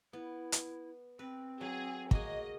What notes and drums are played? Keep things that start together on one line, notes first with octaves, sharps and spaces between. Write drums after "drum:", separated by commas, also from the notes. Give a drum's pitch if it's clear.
B3 E4
drum: hi-hat
C4 B4
F#3 G#4
A#3 F#4 G#4 D#5, drum: kick